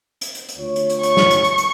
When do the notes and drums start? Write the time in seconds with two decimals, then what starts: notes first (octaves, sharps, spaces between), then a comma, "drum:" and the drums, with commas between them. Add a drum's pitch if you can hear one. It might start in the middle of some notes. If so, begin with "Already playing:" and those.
0.21 drum: hi-hat
0.35 drum: hi-hat
0.49 drum: hi-hat
0.58 D2 F4 C#5
0.76 drum: hi-hat
0.90 drum: hi-hat
1.03 C#6, drum: hi-hat
1.17 drum: snare
1.30 drum: hi-hat
1.44 drum: hi-hat
1.58 drum: hi-hat